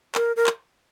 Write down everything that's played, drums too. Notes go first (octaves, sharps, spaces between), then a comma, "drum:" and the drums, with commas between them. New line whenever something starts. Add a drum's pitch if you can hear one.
A#4, drum: clap
A#4
drum: clap